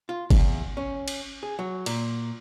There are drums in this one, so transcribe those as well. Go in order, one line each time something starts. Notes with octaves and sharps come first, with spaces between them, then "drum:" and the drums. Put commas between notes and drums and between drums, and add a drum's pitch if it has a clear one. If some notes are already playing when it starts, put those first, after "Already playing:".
F4
E2, drum: kick G1, cymbal
C#4
drum: cymbal
G#4
F#3
A#2, drum: cymbal